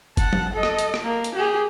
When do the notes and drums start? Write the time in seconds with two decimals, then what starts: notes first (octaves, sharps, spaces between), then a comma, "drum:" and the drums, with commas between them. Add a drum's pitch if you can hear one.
0.17 F#5 A5, drum: kick F#1, hi-hat
0.33 drum: tom F3
0.54 A4 D#5
0.63 drum: rim click
0.79 drum: hi-hat
0.94 drum: rim click
1.04 A#3
1.24 drum: hi-hat
1.35 G4 G#4